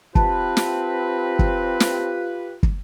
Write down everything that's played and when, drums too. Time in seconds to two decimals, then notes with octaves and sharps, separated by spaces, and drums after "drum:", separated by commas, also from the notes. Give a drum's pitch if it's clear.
0.15 C4 F4 G4 B4 A5, drum: kick
0.57 drum: snare
1.39 drum: kick
1.80 drum: snare
2.63 drum: kick